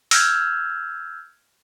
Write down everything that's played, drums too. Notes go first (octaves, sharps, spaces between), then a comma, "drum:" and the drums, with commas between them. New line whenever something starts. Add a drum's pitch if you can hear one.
E6 F6 G6 G#6, drum: open hi-hat